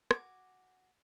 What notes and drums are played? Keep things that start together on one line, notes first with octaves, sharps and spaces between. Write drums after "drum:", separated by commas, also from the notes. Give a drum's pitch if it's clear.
F#4 G#5 A#5 D6, drum: rim click